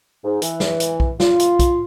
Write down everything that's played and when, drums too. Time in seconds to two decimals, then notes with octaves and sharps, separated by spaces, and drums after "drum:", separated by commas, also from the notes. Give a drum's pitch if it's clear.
0.24 G#2
0.42 E3, drum: hi-hat
0.60 drum: snare
0.80 drum: hi-hat
1.00 drum: kick B1
1.20 F4, drum: snare
1.40 drum: hi-hat
1.59 drum: kick B1, hi-hat